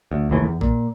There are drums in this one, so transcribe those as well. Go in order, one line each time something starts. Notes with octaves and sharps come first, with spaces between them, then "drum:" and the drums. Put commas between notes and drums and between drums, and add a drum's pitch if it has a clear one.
D2
F1 D#2 E3 A3
E2
A#2, drum: kick A#1